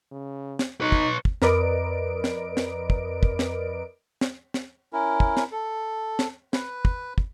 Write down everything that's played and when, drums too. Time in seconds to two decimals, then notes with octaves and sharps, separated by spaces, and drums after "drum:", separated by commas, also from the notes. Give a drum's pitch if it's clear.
0.12 C#3
0.59 drum: snare
0.81 D#4 B4 C#5
0.92 drum: kick
1.25 drum: kick
1.42 F2 A#4 B4 D5 D#5 D7, drum: snare
2.24 drum: snare
2.57 drum: snare
2.90 drum: kick
3.23 drum: kick
3.39 drum: snare
4.21 drum: snare
4.54 drum: snare
4.93 C#4 E4 A#4
5.20 drum: kick
5.37 drum: snare
5.52 A4
6.19 drum: snare
6.53 B4, drum: snare
6.85 drum: kick
7.18 drum: kick